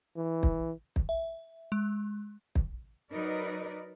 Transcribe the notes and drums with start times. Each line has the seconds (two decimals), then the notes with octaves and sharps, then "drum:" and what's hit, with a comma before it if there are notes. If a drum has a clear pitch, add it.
0.16 E3
0.43 drum: kick
0.96 drum: kick
1.09 E5
1.72 G#3
2.55 drum: kick
3.12 F#3 D#4 A#4 B4 D5